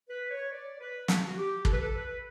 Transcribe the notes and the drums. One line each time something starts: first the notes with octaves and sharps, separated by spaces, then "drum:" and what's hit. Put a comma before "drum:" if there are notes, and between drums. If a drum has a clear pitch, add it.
B4
C#5
D5
B4
drum: snare
F#4
G4
A4, drum: kick
B4
A4
B4